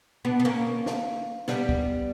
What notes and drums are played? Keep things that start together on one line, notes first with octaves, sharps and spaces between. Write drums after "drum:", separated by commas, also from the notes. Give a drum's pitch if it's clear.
B3 D4
B3
A#3 C#4
drum: snare
G3 B3, drum: snare
drum: kick